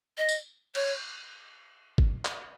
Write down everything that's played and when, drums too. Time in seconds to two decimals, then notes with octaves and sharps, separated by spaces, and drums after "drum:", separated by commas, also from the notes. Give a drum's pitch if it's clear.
0.18 D#5
0.29 drum: tambourine
0.75 C#5, drum: cymbal
1.98 drum: kick
2.25 drum: clap